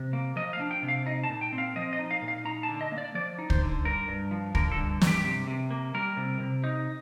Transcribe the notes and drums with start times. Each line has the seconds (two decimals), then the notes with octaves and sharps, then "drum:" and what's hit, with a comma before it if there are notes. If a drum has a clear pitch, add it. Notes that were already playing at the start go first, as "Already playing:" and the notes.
Already playing: C3
0.13 A#3
0.36 F3 D#5
0.53 F5
0.60 D4
0.71 G5
0.83 C3
0.88 F5
1.06 D#4 D#5
1.24 A5
1.30 A#2
1.41 G5
1.53 C4
1.58 F5
1.76 F3 D#5
1.93 D#5
1.99 D#4
2.11 F5
2.22 A#2
2.28 F5
2.45 D#4 A#5
2.63 A5
2.68 D3
2.81 D#5
2.92 A#3
2.98 D5
3.15 F3 D5
3.39 D#4
3.50 C5, drum: kick
3.61 D3
3.85 G2 A#4
4.08 G2
4.31 F3
4.55 D3 A#4, drum: kick
4.72 A4
4.77 G2
5.02 G2, drum: snare
5.07 G4
5.24 C3
5.47 C3
5.71 A#3
5.94 G3 A#4
6.17 C3
6.40 C3
6.64 D#4